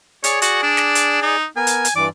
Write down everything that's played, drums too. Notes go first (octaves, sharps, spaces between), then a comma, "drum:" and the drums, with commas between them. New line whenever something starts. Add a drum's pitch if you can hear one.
G#4 C#5 D5, drum: hi-hat
F#4, drum: hi-hat
D4
drum: snare
drum: hi-hat
D#4
B3 A#4 G#5
drum: hi-hat
drum: hi-hat
G2 E3 D5 D6